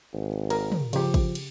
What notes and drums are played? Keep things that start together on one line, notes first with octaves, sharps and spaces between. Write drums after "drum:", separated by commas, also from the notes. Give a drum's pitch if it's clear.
G#1
A#4, drum: cymbal
drum: tom
C#3 F3 G4, drum: cymbal
drum: kick, cymbal
drum: cymbal